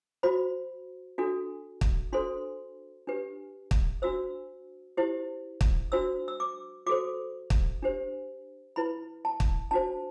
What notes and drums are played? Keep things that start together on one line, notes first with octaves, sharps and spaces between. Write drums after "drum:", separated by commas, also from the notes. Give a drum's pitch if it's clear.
F#4 C5 B5
D4 F#4 A4
drum: kick
D4 F#4 A4 C5 C6
D4 G4 B4
drum: kick
D4 F#4 C5 E6
E4 G4 C5
drum: kick
D4 F#4 C5 E6
E6
D6
F#4 A4 C5 D6
drum: kick
D4 G4 C5
E4 B4 B5
A5
drum: kick
D4 F#4 C5 A5